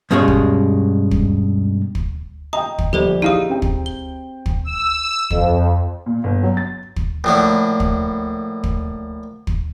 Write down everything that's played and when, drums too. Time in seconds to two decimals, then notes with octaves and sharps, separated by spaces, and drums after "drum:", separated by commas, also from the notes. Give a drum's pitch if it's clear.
0.11 G2 B2 G#3 C#4 C#5
0.28 drum: kick
1.11 drum: kick
1.95 drum: kick
2.53 D#5 G5 A#5 D#6
2.78 drum: kick
2.93 A#1 G3 A4 C5 D5
3.22 D#4 E4 G4 G#4 F5 D#6
3.49 C4 G5
3.62 drum: kick
3.86 G7
4.46 drum: kick
4.64 E6
5.30 F2, drum: kick
6.06 A#2
6.24 G1
6.43 F#3
6.57 A6
6.96 drum: kick
7.24 A#1 A2 D3
7.80 drum: kick
8.64 drum: kick
9.47 drum: kick